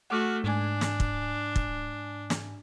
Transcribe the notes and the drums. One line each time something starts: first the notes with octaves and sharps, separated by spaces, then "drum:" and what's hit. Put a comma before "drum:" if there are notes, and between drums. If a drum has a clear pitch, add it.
A3 F#4 F#5 D6 F6
G#2 D4 G#5
drum: snare
drum: kick
drum: kick
drum: snare